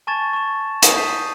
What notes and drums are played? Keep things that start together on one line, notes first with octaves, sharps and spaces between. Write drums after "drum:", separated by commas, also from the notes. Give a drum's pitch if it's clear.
G#5 A5 C#6 G#6 A6 E7
C#6 E7
D#6, drum: hi-hat
G6 B6 C7 D#7 E7